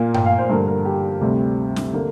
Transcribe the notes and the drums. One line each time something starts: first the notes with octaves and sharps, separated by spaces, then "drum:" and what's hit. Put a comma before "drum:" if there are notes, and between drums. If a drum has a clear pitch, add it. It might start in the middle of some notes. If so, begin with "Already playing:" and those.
Already playing: A#2 A#3
G5, drum: tom G2
F5
C5
G2 D3 A#3 A#4
A#4
G4
D2 C3 G3
drum: snare
D3 A#3